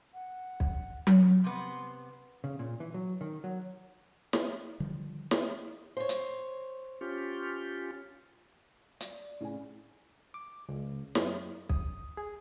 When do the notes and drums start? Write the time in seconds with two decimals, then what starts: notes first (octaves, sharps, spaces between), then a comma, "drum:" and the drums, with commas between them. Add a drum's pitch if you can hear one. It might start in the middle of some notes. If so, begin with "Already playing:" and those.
0.14 F#5
0.60 drum: kick B1
1.07 drum: tom F#3
1.44 C3 B3 C6
2.44 C#3
2.59 A#2
2.80 E3
2.94 F#3
3.21 D#3
3.44 F#3
4.33 drum: snare
4.80 D3 D#3 F3 G3
5.31 drum: snare
5.97 C5 C#5
6.09 drum: hi-hat
7.01 C#4 F4 G4
9.01 D5, drum: hi-hat
9.41 A2 C#3 E4 G#5
10.34 D6
10.69 C#2
11.15 F#2, drum: snare
11.69 D#6, drum: kick B1
12.17 G#4